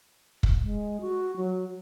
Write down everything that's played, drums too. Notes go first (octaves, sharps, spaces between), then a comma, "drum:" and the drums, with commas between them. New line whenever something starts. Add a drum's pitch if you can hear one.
drum: kick
G#3
F#4
F#3